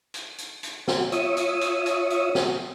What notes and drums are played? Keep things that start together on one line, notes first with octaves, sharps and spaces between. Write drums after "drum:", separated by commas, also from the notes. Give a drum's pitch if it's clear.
drum: hi-hat
drum: hi-hat
drum: hi-hat
drum: snare
F4 C#5 E5 D#6, drum: hi-hat
drum: hi-hat
drum: hi-hat
drum: hi-hat
drum: hi-hat
drum: snare